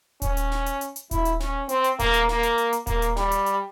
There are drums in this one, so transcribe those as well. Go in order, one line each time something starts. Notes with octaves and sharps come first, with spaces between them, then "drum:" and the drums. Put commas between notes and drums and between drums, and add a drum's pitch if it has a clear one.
C#4, drum: kick D#1, hi-hat
drum: hi-hat
drum: snare
drum: hi-hat
drum: hi-hat
drum: hi-hat
E4, drum: kick D#1, hi-hat
drum: hi-hat
C#4, drum: snare
C4, drum: hi-hat
drum: hi-hat
A#3, drum: kick D#1, hi-hat
drum: hi-hat
A#3, drum: snare
drum: hi-hat
drum: hi-hat
drum: hi-hat
A#3, drum: kick D#1, hi-hat
drum: hi-hat
G3, drum: snare
drum: hi-hat
drum: hi-hat